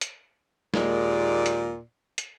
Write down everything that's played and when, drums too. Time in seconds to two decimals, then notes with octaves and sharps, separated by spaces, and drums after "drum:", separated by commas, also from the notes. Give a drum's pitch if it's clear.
0.01 drum: hi-hat
0.74 D#2 A#2 G#3 D#4 A#4 D5, drum: snare
1.46 drum: hi-hat
2.18 drum: hi-hat